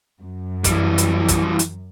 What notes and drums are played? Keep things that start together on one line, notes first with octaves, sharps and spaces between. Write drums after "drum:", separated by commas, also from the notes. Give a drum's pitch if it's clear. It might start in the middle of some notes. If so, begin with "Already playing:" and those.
F#2
E3 G3, drum: kick, hi-hat
drum: hi-hat
drum: kick, hi-hat
drum: hi-hat